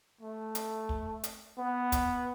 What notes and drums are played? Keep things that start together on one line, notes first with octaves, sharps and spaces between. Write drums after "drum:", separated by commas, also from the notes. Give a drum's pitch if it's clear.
A3
drum: hi-hat
drum: kick
drum: hi-hat
B3
drum: kick, hi-hat